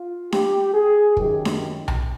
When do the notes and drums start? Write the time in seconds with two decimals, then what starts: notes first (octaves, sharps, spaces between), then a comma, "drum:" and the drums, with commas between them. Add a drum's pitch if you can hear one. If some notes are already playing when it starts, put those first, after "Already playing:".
Already playing: F4
0.32 G4, drum: snare D4
0.74 G#4
1.17 F#2 D#3 F#3 G4, drum: kick
1.45 drum: snare D4
1.88 drum: tom B1